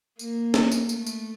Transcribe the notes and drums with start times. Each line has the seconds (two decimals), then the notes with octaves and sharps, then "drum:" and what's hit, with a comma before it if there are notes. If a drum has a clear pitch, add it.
0.19 A#3, drum: tambourine
0.54 drum: snare
0.71 drum: tambourine
0.89 A3, drum: tambourine
1.07 drum: tambourine